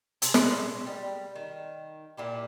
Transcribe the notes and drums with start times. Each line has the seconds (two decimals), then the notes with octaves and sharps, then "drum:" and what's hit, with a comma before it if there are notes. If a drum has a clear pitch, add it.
0.22 C3 G#4, drum: hi-hat
0.34 A#2 G#3 E5, drum: snare
0.87 G3
1.35 D#3
2.17 A#2 E4 G4